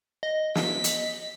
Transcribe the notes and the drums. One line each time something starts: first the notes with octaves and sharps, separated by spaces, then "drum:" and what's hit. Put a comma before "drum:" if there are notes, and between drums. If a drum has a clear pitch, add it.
D#5
B6, drum: snare
drum: hi-hat